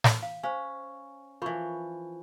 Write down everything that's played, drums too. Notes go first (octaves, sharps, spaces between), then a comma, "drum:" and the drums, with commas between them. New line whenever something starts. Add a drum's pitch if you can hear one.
drum: snare
F5
C#4 C5 F5 G#5
E3 F3 A#4 B5 C#6